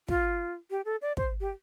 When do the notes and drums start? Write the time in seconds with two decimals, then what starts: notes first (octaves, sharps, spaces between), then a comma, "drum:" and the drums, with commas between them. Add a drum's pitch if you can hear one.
0.08 F4, drum: kick
0.70 G4
0.85 A4
1.02 D5
1.17 C5, drum: kick
1.40 G4